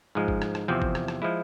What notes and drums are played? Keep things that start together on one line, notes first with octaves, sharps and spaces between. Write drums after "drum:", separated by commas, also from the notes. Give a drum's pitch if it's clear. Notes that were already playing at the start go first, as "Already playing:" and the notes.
G#2 F3 G#3
drum: kick
drum: rim click
drum: rim click
E2 C3 F3 C4
drum: kick
drum: rim click
drum: rim click
F3 G#3 E4